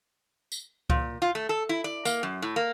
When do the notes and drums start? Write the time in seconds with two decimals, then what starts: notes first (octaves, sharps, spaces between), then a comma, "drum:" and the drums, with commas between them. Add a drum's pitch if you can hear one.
0.52 drum: tambourine
0.90 A#2, drum: kick C#2
1.22 F4
1.35 A3
1.49 A4
1.69 E4
1.84 D5
2.05 A#3, drum: tambourine
2.23 F#2
2.42 A2
2.56 A#3